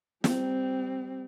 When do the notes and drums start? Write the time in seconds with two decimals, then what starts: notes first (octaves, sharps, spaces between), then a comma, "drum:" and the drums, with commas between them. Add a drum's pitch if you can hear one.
0.24 G3 C4, drum: snare